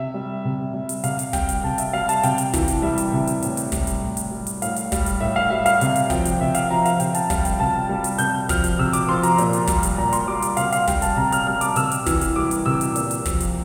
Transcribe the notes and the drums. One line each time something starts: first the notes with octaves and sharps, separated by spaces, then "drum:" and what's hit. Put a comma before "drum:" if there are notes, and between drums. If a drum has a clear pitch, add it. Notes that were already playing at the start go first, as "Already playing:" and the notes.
Already playing: C3 E5
G3
C3
G3
drum: hi-hat
C3 F5, drum: hi-hat
drum: hi-hat
G3 G5, drum: kick, hi-hat
drum: hi-hat
C3 A5
E5, drum: hi-hat
G3 F5
A5, drum: hi-hat
C3 G5, drum: hi-hat
drum: hi-hat
E3, drum: kick, hi-hat
drum: hi-hat
G3 E5
drum: hi-hat
C3
drum: hi-hat
A2, drum: hi-hat
drum: hi-hat
G3, drum: kick, hi-hat
drum: hi-hat
A2
drum: hi-hat
G3
drum: hi-hat
A2 F5, drum: hi-hat
drum: hi-hat
G3, drum: kick, hi-hat
drum: hi-hat
A2 E5
F5
G3 E5
F5, drum: hi-hat
C3, drum: hi-hat
drum: hi-hat
F3 G5, drum: kick, hi-hat
drum: hi-hat
C3 E5
F5, drum: hi-hat
F3 A#5
F5, drum: hi-hat
C3 G5, drum: hi-hat
A5, drum: hi-hat
G3 F5, drum: kick, hi-hat
G5, drum: hi-hat
C3 A5
G3
drum: hi-hat
C3 G6, drum: hi-hat
F3 F6, drum: kick, hi-hat
drum: hi-hat
C3 E6
D6, drum: hi-hat
F3 C6
A#5, drum: hi-hat
A#2, drum: hi-hat
drum: hi-hat
G3, drum: kick, hi-hat
drum: hi-hat
A#2 A#5
C6, drum: hi-hat
G3 D6
D6, drum: hi-hat
C3 F5, drum: hi-hat
F5, drum: hi-hat
G3 G5, drum: kick, hi-hat
A5, drum: hi-hat
C3 A#5
F6, drum: hi-hat
G3 F6
D6, drum: hi-hat
C3 E6, drum: hi-hat
drum: hi-hat
E3, drum: kick, hi-hat
drum: hi-hat
G3 D6
drum: hi-hat
C3 E6
drum: hi-hat
A#2, drum: hi-hat
drum: hi-hat
F3, drum: kick, hi-hat
drum: hi-hat